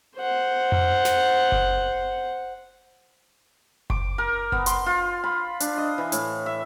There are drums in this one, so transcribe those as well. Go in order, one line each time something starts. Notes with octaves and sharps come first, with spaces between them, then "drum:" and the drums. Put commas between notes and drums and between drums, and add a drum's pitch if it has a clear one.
C5 F#5
drum: tom F2
drum: snare
drum: kick F#1
D6, drum: kick F#1
A#4
B3, drum: kick F#1
C6, drum: hi-hat
F4
B5
D4, drum: hi-hat
D#5
E3
A2, drum: hi-hat
E5